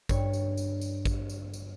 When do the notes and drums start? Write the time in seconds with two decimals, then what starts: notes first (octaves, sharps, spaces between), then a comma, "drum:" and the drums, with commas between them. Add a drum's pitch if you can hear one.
0.09 G2 C#5, drum: kick, tambourine
0.33 drum: tambourine
0.57 drum: tambourine
0.81 drum: tambourine
1.06 drum: kick, tambourine
1.30 drum: tambourine
1.54 drum: tambourine